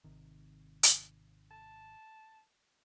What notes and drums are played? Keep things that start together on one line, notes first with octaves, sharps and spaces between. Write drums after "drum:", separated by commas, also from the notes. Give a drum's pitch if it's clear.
G#1 C3 D#3
drum: hi-hat
A5